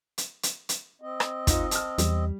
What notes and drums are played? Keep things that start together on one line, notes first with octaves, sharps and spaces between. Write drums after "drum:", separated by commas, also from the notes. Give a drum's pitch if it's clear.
drum: hi-hat
drum: hi-hat
drum: hi-hat
C4 D#5
drum: rim click
D#4 F4, drum: kick, hi-hat
A5 F6, drum: hi-hat
E2 G3, drum: hi-hat